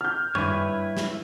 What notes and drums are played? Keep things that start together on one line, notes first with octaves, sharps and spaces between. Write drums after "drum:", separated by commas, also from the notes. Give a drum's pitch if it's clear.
F6 G6
G2 E4 B4 C#5, drum: tom F#2
drum: snare